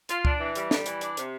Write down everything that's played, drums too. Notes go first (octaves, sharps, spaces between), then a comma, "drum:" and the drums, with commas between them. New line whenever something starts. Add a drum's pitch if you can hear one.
F4, drum: hi-hat
D4, drum: kick C#2
E3
G3, drum: hi-hat
G3, drum: snare
E3, drum: hi-hat
D4, drum: hi-hat
C3, drum: hi-hat